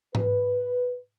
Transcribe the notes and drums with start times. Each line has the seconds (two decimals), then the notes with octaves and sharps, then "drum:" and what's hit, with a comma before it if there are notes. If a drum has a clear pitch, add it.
0.15 B4, drum: tom G#2